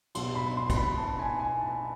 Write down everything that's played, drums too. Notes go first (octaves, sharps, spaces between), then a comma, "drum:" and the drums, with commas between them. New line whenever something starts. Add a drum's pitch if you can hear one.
B1 B2 F#3 C6, drum: cymbal
B5
C6
C6, drum: kick, cymbal
B5
A5
G#5
G#5
A5